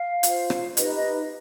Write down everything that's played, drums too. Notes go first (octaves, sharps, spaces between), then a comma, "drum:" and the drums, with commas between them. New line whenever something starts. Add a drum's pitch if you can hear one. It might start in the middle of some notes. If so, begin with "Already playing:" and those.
Already playing: F5
F4 C5, drum: hi-hat
drum: rim click
D#4 G4 B4 D#5, drum: hi-hat
D#5